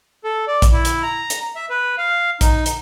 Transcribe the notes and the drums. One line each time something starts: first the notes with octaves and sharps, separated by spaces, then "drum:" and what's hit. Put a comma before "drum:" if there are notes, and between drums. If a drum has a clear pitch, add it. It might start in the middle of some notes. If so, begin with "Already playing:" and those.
A4
D5
drum: kick A#1, hi-hat
E4
drum: hi-hat
A#5
drum: hi-hat
E5
B4
F5
D#4, drum: kick A#1, hi-hat
drum: hi-hat